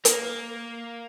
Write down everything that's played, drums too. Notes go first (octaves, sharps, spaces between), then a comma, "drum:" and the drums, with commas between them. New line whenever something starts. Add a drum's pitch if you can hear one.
A#3, drum: hi-hat